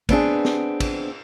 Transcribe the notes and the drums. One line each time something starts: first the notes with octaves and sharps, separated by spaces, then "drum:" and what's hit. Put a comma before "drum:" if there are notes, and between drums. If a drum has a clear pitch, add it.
B3 C4 D4 G#4, drum: kick, cymbal
drum: snare
drum: kick, cymbal